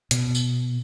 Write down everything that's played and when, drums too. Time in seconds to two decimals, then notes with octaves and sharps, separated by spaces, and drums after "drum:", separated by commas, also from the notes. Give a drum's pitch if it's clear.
0.11 B2, drum: hi-hat
0.35 drum: tambourine